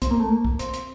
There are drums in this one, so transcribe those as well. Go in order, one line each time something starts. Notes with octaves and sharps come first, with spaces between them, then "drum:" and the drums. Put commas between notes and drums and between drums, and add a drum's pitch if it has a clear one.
C4, drum: kick, hi-hat
A#3
A3
A#3
drum: kick
C4, drum: hi-hat
drum: hi-hat